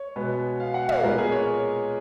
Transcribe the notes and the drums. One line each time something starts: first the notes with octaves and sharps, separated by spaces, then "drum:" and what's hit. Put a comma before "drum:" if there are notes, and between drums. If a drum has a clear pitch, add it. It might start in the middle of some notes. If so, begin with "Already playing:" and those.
Already playing: C#5
B2 G#3 B3
F5
F#5
F5, drum: tom
A#2 G#3 B3 A#4
G#4
C#5